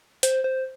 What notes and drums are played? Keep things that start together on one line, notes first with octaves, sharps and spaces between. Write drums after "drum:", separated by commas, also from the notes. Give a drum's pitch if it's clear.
C5, drum: hi-hat
C5